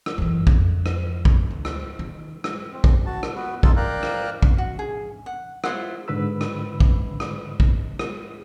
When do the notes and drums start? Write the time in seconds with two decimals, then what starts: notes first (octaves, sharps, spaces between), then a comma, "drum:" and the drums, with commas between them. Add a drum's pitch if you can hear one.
0.06 drum: rim click
0.18 F#2 E3
0.47 F2, drum: kick
0.86 drum: rim click
1.25 drum: kick
1.51 D2
1.65 drum: rim click
1.99 D#3
2.44 drum: rim click
2.72 C4
2.84 drum: kick
3.06 F#4 A5
3.23 A4, drum: rim click
3.35 B3 F#4 B4
3.63 D#4 F4 A4 A5 E6, drum: kick
3.77 A#4 D5 F5 G5 A#5 F#6
4.03 drum: rim click
4.43 drum: kick
4.58 F#4
4.79 G#4
5.26 F#5
5.64 E4 F4 C5 F#5, drum: rim click
6.08 G#2 D3 B4 B5 E6
6.41 drum: rim click
6.80 drum: kick
7.20 drum: rim click
7.60 drum: kick
7.99 drum: rim click